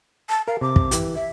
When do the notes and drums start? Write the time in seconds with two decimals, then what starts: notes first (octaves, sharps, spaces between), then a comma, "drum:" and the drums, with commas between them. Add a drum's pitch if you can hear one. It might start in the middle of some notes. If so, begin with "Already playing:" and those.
0.29 A5
0.48 A#4 F5
0.61 C3 D6
0.76 drum: kick
0.91 E3 G4, drum: hi-hat
1.15 E5